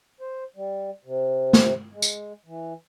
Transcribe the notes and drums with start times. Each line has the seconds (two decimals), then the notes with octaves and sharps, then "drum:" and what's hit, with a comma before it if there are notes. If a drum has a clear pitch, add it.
0.21 C5
0.56 G3
1.05 C3
1.53 drum: snare
1.93 G#3
2.02 drum: tambourine
2.46 E3